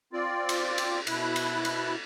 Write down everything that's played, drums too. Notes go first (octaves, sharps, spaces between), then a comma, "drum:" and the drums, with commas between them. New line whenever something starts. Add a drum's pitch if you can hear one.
C4 F4 D5
drum: cymbal
drum: cymbal
B2 E4 F#6, drum: cymbal
drum: cymbal
drum: cymbal